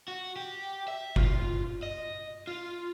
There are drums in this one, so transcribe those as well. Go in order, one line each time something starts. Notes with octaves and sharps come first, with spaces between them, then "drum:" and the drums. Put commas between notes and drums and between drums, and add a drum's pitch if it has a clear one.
F#4
G4
E5
F4, drum: kick F#1
D#5
F4